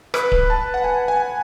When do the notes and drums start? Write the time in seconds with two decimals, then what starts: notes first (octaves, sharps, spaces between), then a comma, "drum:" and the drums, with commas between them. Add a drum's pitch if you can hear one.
0.14 B4, drum: rim click
0.32 drum: kick D1
0.50 A5
0.74 F#5
0.84 G#5
1.08 G#5